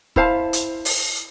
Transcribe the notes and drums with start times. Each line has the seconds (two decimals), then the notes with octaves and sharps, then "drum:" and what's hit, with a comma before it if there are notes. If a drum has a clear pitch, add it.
0.16 E4 C5 F5 A5, drum: kick
0.53 drum: hi-hat
0.85 drum: open hi-hat